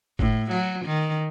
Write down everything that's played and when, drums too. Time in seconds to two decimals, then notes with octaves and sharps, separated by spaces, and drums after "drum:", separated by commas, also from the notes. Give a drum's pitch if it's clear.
0.19 A2, drum: kick G1
0.51 F#3, drum: cymbal
0.85 D#3